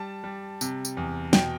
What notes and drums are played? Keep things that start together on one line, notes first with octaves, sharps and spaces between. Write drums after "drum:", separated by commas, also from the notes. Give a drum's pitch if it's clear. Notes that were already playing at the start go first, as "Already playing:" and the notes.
Already playing: G3 A5
G3
C3, drum: tambourine
drum: tambourine
E2
B2 G5, drum: snare